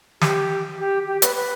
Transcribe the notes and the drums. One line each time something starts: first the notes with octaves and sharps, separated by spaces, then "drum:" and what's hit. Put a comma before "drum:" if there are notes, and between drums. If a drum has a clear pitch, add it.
G4, drum: snare
G4
G4
B4, drum: hi-hat
B4